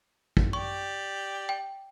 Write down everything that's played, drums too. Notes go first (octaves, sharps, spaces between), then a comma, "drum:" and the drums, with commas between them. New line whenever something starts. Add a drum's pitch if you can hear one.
drum: kick
G4 D5 C#6
G5